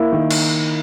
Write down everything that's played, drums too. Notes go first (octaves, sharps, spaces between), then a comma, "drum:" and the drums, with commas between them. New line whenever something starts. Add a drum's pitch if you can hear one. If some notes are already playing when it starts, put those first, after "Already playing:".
Already playing: A#3 E4
D#3
drum: cymbal